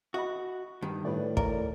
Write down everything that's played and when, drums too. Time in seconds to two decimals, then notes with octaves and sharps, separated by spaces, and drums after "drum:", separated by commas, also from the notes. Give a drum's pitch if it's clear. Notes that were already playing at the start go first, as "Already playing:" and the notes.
0.14 F#4 D#5 B5
0.82 G2 D#3
1.05 A2 B4 D5
1.37 A#4 D5, drum: kick